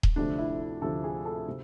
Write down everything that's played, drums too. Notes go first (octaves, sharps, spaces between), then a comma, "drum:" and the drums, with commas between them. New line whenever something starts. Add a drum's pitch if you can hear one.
drum: kick D#1
D2 C3 F3 A3 D4
E4
D2 C3 F3 A3 A4
G#4
A4
C3